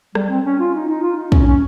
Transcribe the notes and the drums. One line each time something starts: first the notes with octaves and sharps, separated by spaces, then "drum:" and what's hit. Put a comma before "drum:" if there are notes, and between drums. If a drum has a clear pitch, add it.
G3, drum: rim click
C4
C#4
F4
D#4
D#4
F4
D#4
C#4, drum: kick
C#4